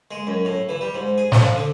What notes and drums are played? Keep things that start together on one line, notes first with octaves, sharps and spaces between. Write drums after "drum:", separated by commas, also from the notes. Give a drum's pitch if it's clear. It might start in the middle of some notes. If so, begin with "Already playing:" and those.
G#3
F#2
A2
E3
G3
G#2
G#4
F3, drum: snare
D3